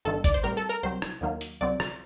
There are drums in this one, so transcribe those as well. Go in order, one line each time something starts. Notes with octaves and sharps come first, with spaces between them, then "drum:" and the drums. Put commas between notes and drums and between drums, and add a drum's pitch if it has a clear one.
G1 G2 D#3 A4
D5, drum: kick G#1, hi-hat
C5
A2 G3 C4 A#4
A4
A#4
C2 C3 F#3 C5
drum: rim click
D#2 D#3 F#3 A#3
drum: hi-hat
C2 C3 F#3 C4 D5
drum: rim click